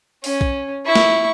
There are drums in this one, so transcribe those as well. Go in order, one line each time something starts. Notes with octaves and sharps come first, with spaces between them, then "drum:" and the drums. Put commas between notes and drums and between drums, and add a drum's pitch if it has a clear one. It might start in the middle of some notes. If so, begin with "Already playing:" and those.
C#4, drum: open hi-hat
drum: kick
E4 C#6
drum: snare